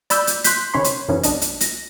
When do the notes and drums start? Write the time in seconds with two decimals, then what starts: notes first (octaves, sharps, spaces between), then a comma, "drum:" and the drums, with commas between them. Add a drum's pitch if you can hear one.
0.10 D5 B5 E6 G6, drum: hi-hat
0.27 drum: hi-hat
0.44 C6 F#6 G6 B6, drum: hi-hat
0.74 C3 D#3 C#4 C#5 B5 C6
0.84 drum: hi-hat
1.08 F#2 C3 D#3 E3 B3 C#4
1.23 B1 D4 D#5, drum: hi-hat
1.42 drum: hi-hat
1.61 A#6, drum: hi-hat